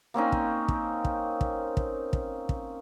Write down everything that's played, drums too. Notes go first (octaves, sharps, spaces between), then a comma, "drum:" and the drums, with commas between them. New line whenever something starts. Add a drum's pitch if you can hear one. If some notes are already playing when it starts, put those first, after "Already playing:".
A#3 C4 C#4 D#4
drum: kick
drum: kick
drum: kick
drum: kick
drum: kick
drum: kick
drum: kick